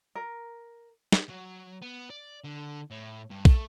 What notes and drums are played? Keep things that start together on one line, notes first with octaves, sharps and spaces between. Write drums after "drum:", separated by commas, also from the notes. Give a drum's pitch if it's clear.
A#4
drum: snare
F#3
B3
D5
D3
A2
G2
A3, drum: kick